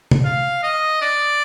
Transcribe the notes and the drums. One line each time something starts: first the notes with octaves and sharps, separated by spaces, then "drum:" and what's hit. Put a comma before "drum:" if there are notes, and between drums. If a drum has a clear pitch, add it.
drum: tom C3
F5
D#5
D5